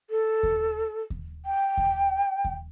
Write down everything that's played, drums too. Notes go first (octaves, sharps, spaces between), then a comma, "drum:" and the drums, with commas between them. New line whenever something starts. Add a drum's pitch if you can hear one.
A4
drum: kick D#2
drum: kick D#2
G5
drum: kick D#2
drum: kick D#2